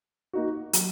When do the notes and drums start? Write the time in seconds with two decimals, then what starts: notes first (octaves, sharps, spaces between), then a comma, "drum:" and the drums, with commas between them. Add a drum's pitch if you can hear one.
0.33 A#3 D#4 F#4
0.73 F#3, drum: hi-hat